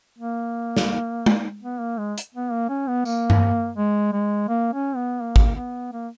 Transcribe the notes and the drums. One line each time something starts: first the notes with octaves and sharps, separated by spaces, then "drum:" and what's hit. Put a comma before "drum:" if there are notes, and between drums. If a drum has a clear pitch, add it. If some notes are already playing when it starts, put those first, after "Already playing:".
A#3
drum: snare
drum: tom
B3
A#3
G#3
drum: hi-hat
B3
A#3
C#4
B3
A#3, drum: tambourine
drum: tom G2
G#3
G#3
A#3
C#4
B3
A#3
drum: kick
B3
A#3